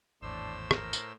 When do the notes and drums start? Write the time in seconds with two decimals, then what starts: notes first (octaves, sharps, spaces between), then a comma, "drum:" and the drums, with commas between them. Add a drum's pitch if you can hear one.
0.22 G#1 E2 A2 D4 C5 E6
0.71 A#4, drum: rim click
0.93 drum: tambourine